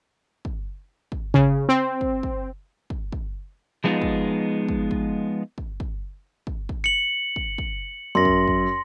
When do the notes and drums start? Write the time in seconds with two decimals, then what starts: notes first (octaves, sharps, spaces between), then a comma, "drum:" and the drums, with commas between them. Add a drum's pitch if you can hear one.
0.45 drum: kick
1.12 drum: kick
1.34 C#3, drum: kick
1.69 C4
2.01 drum: kick
2.23 drum: kick
2.90 drum: kick
3.12 drum: kick
3.84 F3 G#3 B3 D#4 F4
4.02 drum: kick
4.69 drum: kick
4.91 drum: kick
5.58 drum: kick
5.80 drum: kick
6.47 drum: kick
6.69 drum: kick
6.84 C#7 F#7
7.36 drum: kick
7.58 drum: kick
8.15 F#2 C6 A#6
8.25 drum: kick
8.48 drum: kick